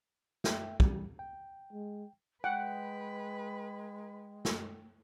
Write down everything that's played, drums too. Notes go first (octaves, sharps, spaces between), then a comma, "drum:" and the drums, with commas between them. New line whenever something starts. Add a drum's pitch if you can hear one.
E5 G5, drum: snare
E3 G3, drum: kick
G5
G#3
G#3 B4 F#5 G5
drum: snare